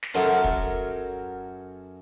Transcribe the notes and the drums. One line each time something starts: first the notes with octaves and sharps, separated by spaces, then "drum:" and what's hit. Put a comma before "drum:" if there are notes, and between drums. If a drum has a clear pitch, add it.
drum: snare
F#2 F#3 A4 A#4 C6
drum: kick